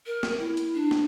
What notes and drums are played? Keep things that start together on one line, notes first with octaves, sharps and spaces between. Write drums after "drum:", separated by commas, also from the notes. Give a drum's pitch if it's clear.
A#4
drum: snare
E4
drum: hi-hat
D4
drum: snare